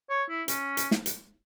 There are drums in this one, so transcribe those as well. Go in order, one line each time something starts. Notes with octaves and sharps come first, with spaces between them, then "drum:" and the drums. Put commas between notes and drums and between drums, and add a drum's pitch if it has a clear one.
C#5
E4
C#4, drum: hi-hat
drum: hi-hat
drum: snare
drum: hi-hat